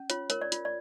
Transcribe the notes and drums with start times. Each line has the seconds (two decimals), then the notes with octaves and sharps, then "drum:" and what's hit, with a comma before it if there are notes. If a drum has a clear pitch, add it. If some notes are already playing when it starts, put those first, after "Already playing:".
Already playing: C#4
0.10 F4 C#5, drum: hi-hat
0.30 A#4 C#5, drum: hi-hat
0.41 D5
0.52 F4, drum: hi-hat
0.65 D5